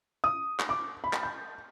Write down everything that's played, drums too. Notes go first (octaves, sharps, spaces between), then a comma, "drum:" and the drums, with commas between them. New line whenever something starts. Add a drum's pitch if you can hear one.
D#6
drum: clap
D6
B5
drum: clap
G6